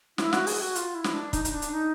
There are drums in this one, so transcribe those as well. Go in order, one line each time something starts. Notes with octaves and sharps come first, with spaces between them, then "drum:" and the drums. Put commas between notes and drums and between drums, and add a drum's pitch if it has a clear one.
E4, drum: snare
F#4, drum: snare
G#4, drum: open hi-hat
F#4
F4, drum: hi-hat
E4
drum: snare
D4
D#4, drum: kick, hi-hat
D#4, drum: hi-hat
D4
drum: hi-hat
D#4